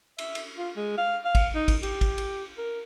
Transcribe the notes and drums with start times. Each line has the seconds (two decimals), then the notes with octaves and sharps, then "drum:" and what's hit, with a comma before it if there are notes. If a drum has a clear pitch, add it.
0.18 E5, drum: cymbal
0.35 drum: cymbal
0.58 F4
0.76 G#3
0.98 F5
1.25 F5
1.35 drum: kick, cymbal
1.55 D#4
1.68 drum: kick, cymbal
1.83 G4, drum: cymbal
2.01 drum: kick, cymbal
2.18 drum: cymbal
2.58 A#4